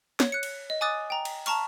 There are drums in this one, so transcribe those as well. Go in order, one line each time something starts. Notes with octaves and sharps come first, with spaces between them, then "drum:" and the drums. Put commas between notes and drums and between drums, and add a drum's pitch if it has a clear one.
C#5, drum: snare
F#6 C#7
drum: cymbal
D#5
G#5 D6 D#6 F#6 A6
G5 A#5
drum: cymbal
A5 A#5 C#6 F6, drum: cymbal